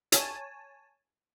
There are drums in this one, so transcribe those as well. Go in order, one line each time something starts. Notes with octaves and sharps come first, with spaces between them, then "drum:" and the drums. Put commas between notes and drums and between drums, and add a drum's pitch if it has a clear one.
C#5 G#5 A5, drum: hi-hat